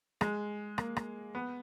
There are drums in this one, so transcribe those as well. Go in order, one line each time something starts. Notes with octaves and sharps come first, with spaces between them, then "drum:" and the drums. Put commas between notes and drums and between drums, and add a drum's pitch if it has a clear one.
G#3, drum: rim click
A#3, drum: rim click
drum: rim click
B3